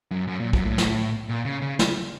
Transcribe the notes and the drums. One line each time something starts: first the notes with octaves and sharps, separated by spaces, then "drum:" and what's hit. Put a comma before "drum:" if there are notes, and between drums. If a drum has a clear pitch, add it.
F#2
F#2
A#2
F#2, drum: kick
A2
drum: snare
A#2
C#3
C#3
drum: snare